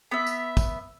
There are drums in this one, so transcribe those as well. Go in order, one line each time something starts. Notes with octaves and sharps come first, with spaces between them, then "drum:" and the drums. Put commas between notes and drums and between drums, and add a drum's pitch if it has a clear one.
B3 E5
drum: tambourine
drum: kick, tambourine